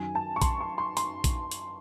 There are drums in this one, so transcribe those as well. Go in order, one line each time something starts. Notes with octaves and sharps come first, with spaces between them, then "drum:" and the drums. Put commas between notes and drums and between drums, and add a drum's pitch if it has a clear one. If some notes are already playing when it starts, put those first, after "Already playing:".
Already playing: F#2 D#3 F#3 G#5
A5
C#6
C6, drum: kick A#1, hi-hat
C#6
C6
C6, drum: hi-hat
drum: kick A#1, hi-hat
drum: hi-hat